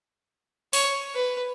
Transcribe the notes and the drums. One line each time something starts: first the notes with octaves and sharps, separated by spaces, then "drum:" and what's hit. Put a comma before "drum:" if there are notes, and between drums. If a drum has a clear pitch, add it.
C#5, drum: open hi-hat
B4